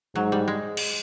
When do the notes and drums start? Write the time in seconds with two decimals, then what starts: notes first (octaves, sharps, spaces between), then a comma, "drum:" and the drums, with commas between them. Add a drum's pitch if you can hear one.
0.15 G#2 F#3
0.32 G3
0.48 G#3
0.77 drum: cymbal